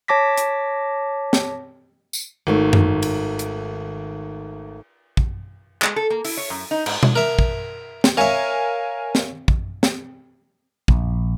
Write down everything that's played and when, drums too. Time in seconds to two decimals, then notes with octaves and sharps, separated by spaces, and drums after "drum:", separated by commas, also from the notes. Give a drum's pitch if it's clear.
0.08 C#5 A5 D6 A#6 B6
0.38 drum: hi-hat
1.33 drum: snare
2.13 drum: tambourine
2.47 G#1 D#3 A3 C#5
2.73 drum: tom F#2
3.02 drum: cymbal
3.39 drum: hi-hat
5.17 drum: kick
5.82 G#3, drum: clap
5.96 A4
6.10 A#3
6.25 E4, drum: open hi-hat
6.37 C#5
6.50 F#2
6.71 D#4
6.86 G#2, drum: cymbal
7.03 drum: tom B2
7.16 A#4 E5
7.39 drum: kick
8.04 drum: snare
8.17 A#4 C#5 E5 F5 G#5
9.15 drum: snare
9.48 drum: kick
9.83 drum: snare
10.88 A#1, drum: kick